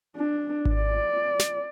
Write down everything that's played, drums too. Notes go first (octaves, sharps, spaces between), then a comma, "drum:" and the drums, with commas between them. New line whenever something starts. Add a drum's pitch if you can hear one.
D4
drum: kick G#1
D5
drum: snare